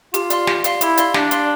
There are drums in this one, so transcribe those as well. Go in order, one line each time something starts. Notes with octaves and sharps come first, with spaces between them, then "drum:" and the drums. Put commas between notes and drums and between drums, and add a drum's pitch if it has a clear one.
F4 G4, drum: hi-hat
D5 F5 C6, drum: hi-hat
G4, drum: snare
D5 F5 C6, drum: hi-hat
E4 G4, drum: hi-hat
D5 F5 C6, drum: hi-hat
D4 G4, drum: snare
D5 F5 C6, drum: hi-hat